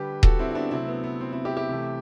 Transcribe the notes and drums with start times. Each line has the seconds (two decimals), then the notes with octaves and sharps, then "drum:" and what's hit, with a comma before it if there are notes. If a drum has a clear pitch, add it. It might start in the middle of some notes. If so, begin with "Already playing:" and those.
Already playing: D3 G3 G4 B4
0.23 F#4 A4, drum: kick D#1
0.39 C4 E4
0.51 E4
0.55 B3 D4
0.71 C3 F#3 A3 C4 E4
0.88 B3
1.04 B3
1.21 C4
1.32 C4 E4
1.45 E4 G4
1.57 E4 G4
1.69 C3 E3 A3